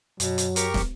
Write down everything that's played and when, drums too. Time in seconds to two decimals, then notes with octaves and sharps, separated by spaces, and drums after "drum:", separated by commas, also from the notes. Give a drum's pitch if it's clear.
0.20 F#2 B2 F#3, drum: hi-hat
0.38 drum: hi-hat
0.56 G4 A#4 C#6, drum: hi-hat
0.74 drum: snare